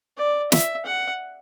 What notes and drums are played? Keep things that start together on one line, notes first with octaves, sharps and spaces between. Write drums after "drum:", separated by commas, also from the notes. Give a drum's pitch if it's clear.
D5
E5, drum: snare
F#5